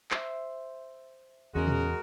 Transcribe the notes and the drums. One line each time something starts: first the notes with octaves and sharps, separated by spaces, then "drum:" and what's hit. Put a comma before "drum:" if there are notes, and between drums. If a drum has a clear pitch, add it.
C5 E5, drum: clap
E2 C#3 G#3 F#4 A#4
drum: tom